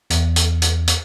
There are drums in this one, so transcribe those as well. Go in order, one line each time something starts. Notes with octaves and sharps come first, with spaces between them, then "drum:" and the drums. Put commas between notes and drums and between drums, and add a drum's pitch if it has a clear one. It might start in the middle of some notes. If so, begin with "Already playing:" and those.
E2, drum: hi-hat
drum: hi-hat
drum: hi-hat
drum: hi-hat